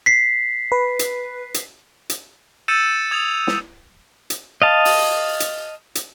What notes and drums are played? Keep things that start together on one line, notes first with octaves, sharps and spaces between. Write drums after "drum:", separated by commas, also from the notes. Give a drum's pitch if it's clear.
B6 C7
B4
drum: hi-hat
drum: hi-hat
drum: hi-hat
E6 G6 A6 C#7 D#7 E7
D#6 G#6 F7
drum: snare
drum: hi-hat
D#5 F5 A5
drum: open hi-hat
drum: hi-hat
drum: hi-hat